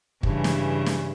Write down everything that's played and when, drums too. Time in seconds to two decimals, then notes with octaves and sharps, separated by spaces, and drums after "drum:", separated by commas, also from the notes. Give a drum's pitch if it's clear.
0.23 G2 C#3 E3, drum: kick
0.44 drum: snare
0.86 drum: snare